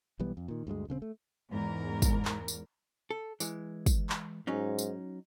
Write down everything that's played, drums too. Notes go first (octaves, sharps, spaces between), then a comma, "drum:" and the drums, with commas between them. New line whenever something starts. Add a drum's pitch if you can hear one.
B1 E3 G3 B3
F2
A#2 D#3
D2 G2 E3 G#3
D#1 C#3 A3 C4
A3
E2 G#2 A#4
drum: kick, tambourine
drum: clap
drum: tambourine
A4
E3 G#3, drum: tambourine
drum: kick, tambourine
drum: clap
G#2 F#3 C#4 D#4
drum: tambourine